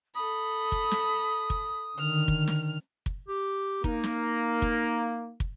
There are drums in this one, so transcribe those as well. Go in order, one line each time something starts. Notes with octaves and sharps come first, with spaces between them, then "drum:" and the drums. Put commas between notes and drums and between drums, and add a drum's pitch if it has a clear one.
A4 B5 D#6
drum: kick
drum: snare
drum: kick
D3 D#3 F6
drum: kick
drum: snare
drum: kick
G4
A#3 D#4, drum: kick
drum: snare
drum: kick
drum: kick